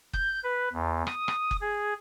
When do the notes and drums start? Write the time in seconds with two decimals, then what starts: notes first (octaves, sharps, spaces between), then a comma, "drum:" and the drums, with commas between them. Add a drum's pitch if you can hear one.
0.13 G6, drum: kick F#1
0.43 B4
0.73 E2
1.07 D#6, drum: rim click
1.28 drum: rim click
1.51 drum: kick F#1
1.61 G#4